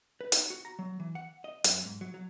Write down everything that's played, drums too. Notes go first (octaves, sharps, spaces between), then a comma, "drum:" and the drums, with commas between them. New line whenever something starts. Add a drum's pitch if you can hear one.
B4
D#4, drum: hi-hat
F#4
A#5
F#3
E3
F#5
D#5
F#2, drum: hi-hat
G#2
F#3
F#3